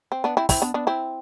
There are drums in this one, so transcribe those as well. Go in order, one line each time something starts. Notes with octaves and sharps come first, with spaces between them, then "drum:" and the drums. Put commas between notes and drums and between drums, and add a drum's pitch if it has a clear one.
C4
B3 D4
C4 E4
C4 E4, drum: kick, open hi-hat
B3 D4
B3 D4
C4 E4